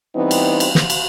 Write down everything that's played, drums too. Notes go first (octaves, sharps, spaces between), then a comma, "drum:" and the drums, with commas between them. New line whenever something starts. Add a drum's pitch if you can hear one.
E3 G3 B3 C4 D#4
drum: cymbal
drum: cymbal
drum: snare
drum: cymbal